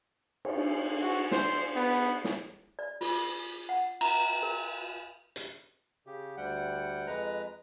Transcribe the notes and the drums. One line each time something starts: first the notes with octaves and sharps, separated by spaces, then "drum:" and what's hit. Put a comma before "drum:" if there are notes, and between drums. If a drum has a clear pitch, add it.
drum: cymbal
F#4
C5, drum: snare
B3
drum: snare
D5
F4, drum: open hi-hat
F#5
A#5, drum: cymbal
A#4
drum: hi-hat
C#3 G4
D2 G3 F#5 G5
F2 G#3 B4 A#5